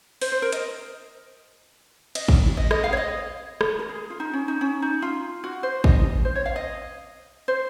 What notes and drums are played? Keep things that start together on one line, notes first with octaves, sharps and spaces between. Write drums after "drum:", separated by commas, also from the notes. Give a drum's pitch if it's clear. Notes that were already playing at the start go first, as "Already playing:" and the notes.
C5, drum: open hi-hat
C5
A#4
D#5, drum: hi-hat
D#5, drum: cymbal
drum: kick
D#5
D#5, drum: rim click
F5
C#5
D#5
drum: rim click
A#4
G#4
F4
D#4
C#4
D#4
C#4
D#4
F4
F#4
C5
D#5, drum: kick
C5
C#5
F5
D#5
C5